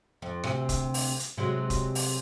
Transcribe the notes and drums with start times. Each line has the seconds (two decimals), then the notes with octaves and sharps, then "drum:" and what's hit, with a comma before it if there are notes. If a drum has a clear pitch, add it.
0.22 F2
0.44 D2 C3, drum: rim click
0.69 drum: kick D#1, hi-hat
0.94 drum: open hi-hat
1.19 drum: hi-hat
1.37 C3 F#3 G#3
1.70 drum: kick D#1, hi-hat
1.95 drum: open hi-hat